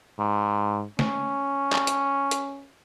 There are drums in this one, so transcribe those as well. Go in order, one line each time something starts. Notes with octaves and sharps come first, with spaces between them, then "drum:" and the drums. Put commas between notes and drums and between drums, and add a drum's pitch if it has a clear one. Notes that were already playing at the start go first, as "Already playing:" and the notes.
G#2
C#4, drum: snare
drum: clap
drum: hi-hat
drum: hi-hat